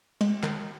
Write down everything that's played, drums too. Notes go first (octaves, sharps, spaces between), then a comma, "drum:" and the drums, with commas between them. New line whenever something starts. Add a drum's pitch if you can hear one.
G#3, drum: cymbal
D#3, drum: clap